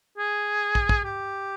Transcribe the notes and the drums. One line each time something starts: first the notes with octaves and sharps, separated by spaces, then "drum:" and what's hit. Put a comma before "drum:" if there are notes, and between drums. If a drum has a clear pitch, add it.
G#4
drum: kick
drum: kick
G4